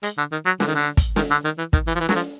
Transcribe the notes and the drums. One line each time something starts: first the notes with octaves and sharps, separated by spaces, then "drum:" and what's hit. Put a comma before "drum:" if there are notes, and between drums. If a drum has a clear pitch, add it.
G#3, drum: hi-hat
D3
D#3
F#3
D3, drum: snare
D#3
D3
drum: kick, hi-hat
D#3, drum: snare
D3
D#3
E3
D#3, drum: kick
E3
F3
E3
F#3, drum: snare
F3